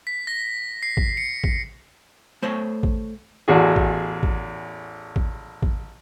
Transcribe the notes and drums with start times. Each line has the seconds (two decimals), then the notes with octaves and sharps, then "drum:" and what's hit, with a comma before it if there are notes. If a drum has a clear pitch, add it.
0.07 B6
0.27 A#6
0.83 C7
0.97 drum: kick A1
1.17 C#7
1.44 drum: kick A1
2.42 A3 C5 C#5
2.83 drum: kick A1
3.48 A1 E2 F#4 G#4
3.76 drum: kick A1
4.23 drum: kick A1
5.16 drum: kick A1
5.62 drum: kick A1